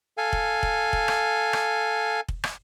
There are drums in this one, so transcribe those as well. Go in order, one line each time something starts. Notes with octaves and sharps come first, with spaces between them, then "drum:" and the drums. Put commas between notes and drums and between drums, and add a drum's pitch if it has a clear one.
A4 F5 G#5
drum: kick
drum: kick
drum: kick
drum: rim click
drum: rim click
drum: kick
drum: rim click